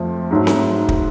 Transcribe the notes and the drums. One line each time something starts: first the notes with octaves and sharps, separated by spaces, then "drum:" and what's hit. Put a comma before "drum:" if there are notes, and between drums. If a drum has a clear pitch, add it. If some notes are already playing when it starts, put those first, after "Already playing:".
Already playing: F2 F3 A3
G#2 F#3 A3
drum: snare C4
drum: kick